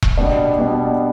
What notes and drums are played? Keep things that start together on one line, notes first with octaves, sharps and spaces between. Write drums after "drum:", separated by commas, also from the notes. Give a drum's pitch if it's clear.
drum: kick E1
B2 G3 B3 D4
B2 G3 B3 D4